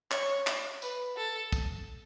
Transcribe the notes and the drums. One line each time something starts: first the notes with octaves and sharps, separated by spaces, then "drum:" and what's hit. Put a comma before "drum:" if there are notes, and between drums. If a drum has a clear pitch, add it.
C#5, drum: clap
drum: clap
B4, drum: tambourine
A4
drum: kick, tambourine